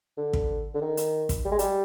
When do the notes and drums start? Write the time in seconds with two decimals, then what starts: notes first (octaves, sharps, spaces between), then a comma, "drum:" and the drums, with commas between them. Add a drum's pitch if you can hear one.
0.17 D3
0.33 drum: kick
0.74 D3
0.81 D#3
0.97 drum: hi-hat
1.29 drum: kick, hi-hat
1.45 G3
1.52 G#3
1.59 G3, drum: hi-hat